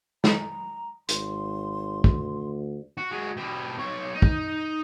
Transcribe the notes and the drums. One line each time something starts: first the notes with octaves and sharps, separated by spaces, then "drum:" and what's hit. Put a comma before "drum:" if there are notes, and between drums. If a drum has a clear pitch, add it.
A#5, drum: snare
G#1 C6, drum: hi-hat
D2, drum: kick
F#4
G#3 F#4
B2 G4
B1 C#5
D#4
drum: kick